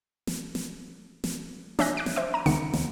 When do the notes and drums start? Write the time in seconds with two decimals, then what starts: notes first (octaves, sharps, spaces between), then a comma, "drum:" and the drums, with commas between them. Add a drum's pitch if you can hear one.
0.27 drum: snare
0.55 drum: snare
1.24 drum: snare
1.79 D4 C#5 E5 G#5 F#6 A#6, drum: snare
1.97 D6 F#6 G#6 A#6 C7 D7
2.06 drum: snare
2.16 C5 E5 D6
2.34 A#5 D#7
2.46 C#2 D#3 B3 C#7, drum: snare
2.73 D#2, drum: snare